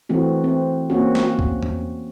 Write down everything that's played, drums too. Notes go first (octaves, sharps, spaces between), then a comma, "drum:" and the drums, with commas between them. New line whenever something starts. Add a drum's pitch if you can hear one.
E3 A3 C4 F#4
C4
A#3 C4 C#4 F#4
drum: snare
drum: kick C2
drum: tom E2